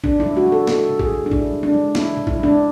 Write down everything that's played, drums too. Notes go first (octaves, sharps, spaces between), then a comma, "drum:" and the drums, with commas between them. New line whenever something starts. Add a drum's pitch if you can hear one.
C#3 D4, drum: kick
E4
G#3
F#4
G#3
A4
C#3 A4, drum: snare
C#3
G#4, drum: kick
G#3
D4
C#3 E4, drum: kick
G#3
D4
G#3
C#3 E4, drum: snare
C#3
E4, drum: kick
G#3
D4